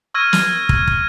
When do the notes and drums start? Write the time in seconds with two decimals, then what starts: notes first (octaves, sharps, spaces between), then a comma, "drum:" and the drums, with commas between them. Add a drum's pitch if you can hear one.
0.14 C#6 E6 F6 G#6 A#6 D#7
0.33 drum: snare
0.69 drum: kick
0.87 drum: kick